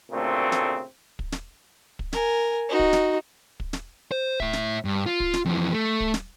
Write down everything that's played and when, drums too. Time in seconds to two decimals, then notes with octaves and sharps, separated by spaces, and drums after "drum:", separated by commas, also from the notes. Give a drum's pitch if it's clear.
0.11 D2 A#2 C#3 A3 C4
0.52 drum: snare
1.19 drum: kick
1.32 drum: snare
1.99 drum: kick
2.13 A#4 G#5, drum: snare
2.69 D#4 F#4
2.79 drum: kick
2.93 drum: snare
3.60 drum: kick
3.73 drum: snare
4.12 C5
4.40 A2 E5, drum: kick
4.53 drum: snare
4.85 G2
5.06 F4
5.20 drum: kick
5.34 drum: snare
5.45 F2 E3
5.73 A3
6.00 drum: kick
6.14 drum: snare